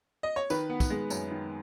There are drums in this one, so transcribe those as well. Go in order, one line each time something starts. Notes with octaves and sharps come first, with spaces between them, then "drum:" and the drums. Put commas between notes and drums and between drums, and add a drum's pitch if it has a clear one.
D#5
C#5
D#3 B4, drum: tambourine
B3
drum: kick, tambourine
G#3
F#2, drum: tambourine
D#3